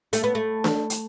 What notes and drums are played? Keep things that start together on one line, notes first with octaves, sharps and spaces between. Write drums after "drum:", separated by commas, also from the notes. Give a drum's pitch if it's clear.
A3, drum: hi-hat
B3
A3
drum: snare D4
drum: hi-hat